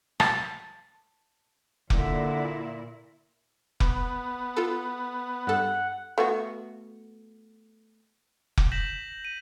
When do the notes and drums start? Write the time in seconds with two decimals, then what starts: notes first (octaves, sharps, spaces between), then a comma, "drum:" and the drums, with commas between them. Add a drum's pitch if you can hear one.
0.20 A5, drum: rim click
1.90 A#2 D3 E4, drum: kick F1
3.80 B3, drum: kick F1
4.57 F4 A4
5.47 G2 A4 F#5
6.18 A3 B3 F#4
8.57 drum: kick F1
8.72 G6 A#6 B6 E7 F#7
9.25 D#7